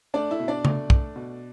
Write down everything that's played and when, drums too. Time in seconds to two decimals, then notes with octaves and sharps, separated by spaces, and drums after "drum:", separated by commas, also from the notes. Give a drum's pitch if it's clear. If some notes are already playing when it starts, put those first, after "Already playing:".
0.14 A3 D4 D5
0.31 E4 E5
0.39 B2
0.48 D4 D5
0.65 A3, drum: tom C#3
0.90 A3, drum: kick
1.16 B2